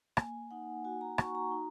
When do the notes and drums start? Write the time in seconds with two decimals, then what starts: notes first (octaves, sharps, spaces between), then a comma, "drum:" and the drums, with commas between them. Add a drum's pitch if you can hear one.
0.17 A#3 G#5, drum: rim click
0.51 D#4 F#5
0.85 F#4 G#5
1.01 A#5
1.18 F#4 C#6, drum: rim click
1.35 A#5
1.51 D#4